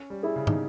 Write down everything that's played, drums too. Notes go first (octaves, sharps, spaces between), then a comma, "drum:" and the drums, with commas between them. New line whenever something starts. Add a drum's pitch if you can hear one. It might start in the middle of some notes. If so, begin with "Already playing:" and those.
Already playing: C#4
G3
E4 G#4
C#3
D#4, drum: tom